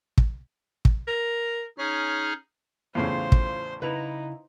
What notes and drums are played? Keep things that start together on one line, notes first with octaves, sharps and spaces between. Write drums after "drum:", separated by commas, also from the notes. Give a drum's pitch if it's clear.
drum: kick
drum: kick
A#4
C#4 D#4 G#4 F6
E2 A2 C#3 F4 C5 F5
drum: kick
C#3 D#4 E4 B4 A#5